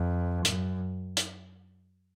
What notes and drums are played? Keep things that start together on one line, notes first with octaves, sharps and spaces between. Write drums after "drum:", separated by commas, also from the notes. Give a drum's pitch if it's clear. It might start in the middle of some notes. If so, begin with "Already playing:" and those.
Already playing: F2
F#2, drum: hi-hat
drum: hi-hat